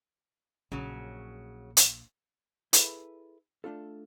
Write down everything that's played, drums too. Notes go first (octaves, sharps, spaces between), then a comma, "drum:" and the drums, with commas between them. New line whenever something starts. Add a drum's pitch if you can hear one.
A#1 C#3 F#3
drum: hi-hat
E4 G#4 A4 B4 E5, drum: hi-hat
A3 D4 F4 A4